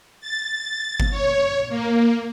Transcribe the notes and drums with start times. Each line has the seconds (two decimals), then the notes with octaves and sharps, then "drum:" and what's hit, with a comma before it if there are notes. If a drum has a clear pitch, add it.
0.20 A6
1.00 drum: kick G1
1.11 C#5
1.69 A#3